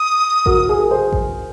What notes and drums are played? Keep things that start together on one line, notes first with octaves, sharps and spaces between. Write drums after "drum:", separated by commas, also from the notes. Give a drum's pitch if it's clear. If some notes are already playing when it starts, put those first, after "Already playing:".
Already playing: D#6
F#4 A#4, drum: kick A1
F#4
G#4
A#4
G#4 C5
drum: kick A1